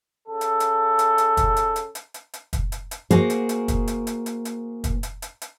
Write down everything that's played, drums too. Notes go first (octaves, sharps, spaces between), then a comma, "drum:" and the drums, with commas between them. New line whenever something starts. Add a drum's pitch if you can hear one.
C#3 A4
drum: hi-hat
drum: hi-hat
drum: hi-hat
drum: hi-hat
drum: kick, hi-hat
drum: hi-hat
drum: hi-hat
drum: hi-hat
drum: hi-hat
drum: hi-hat
drum: kick, hi-hat
drum: hi-hat
drum: hi-hat
A#3 F#4 G#4 C5, drum: hi-hat
drum: hi-hat
drum: hi-hat
drum: kick, hi-hat
drum: hi-hat
drum: hi-hat
drum: hi-hat
drum: hi-hat
drum: kick, hi-hat
drum: hi-hat
drum: hi-hat
drum: hi-hat